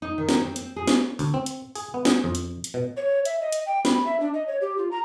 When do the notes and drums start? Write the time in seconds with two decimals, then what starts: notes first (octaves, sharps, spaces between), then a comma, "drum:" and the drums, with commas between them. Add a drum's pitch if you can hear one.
0.02 D#4
0.18 D#3
0.29 drum: snare
0.42 C4
0.56 C4, drum: hi-hat
0.76 G#4
0.87 drum: snare
1.19 D2, drum: open hi-hat
1.34 C4
1.46 drum: hi-hat
1.75 G#4, drum: open hi-hat
1.94 B3
2.05 G#4, drum: snare
2.24 F2
2.35 drum: hi-hat
2.64 drum: hi-hat
2.74 B2
2.97 C#5
3.25 E5, drum: hi-hat
3.41 D#5
3.52 drum: hi-hat
3.66 G5
3.85 B5, drum: snare
4.06 E5
4.20 D4
4.34 D#5
4.47 C#5
4.61 G4
4.78 F4
4.91 A#5